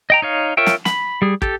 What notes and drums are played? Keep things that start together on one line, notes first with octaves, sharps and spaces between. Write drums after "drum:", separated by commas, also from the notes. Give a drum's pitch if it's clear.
D#5 G5 A#5
D#4 C#5 F5
F4 A#4 C#5 E5 G5
drum: snare
B5, drum: snare
G3 G#4
G4 A4, drum: kick